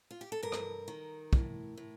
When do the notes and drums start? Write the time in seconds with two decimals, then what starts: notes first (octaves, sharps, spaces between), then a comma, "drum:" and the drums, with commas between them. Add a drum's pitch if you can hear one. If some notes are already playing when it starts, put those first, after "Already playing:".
0.11 F4
0.21 G4
0.32 A4
0.43 G2 A#4
0.52 drum: rim click
0.88 D#3
1.33 A2, drum: kick
1.77 A2